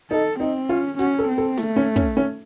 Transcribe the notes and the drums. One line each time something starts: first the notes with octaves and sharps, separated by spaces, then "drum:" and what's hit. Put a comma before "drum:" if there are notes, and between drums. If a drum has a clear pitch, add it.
D#4 A4
C4 D#4
C#4 F4
C#4 F#4, drum: hi-hat
A4
C4
A4
A3, drum: snare
C#4
C#4, drum: kick
C#4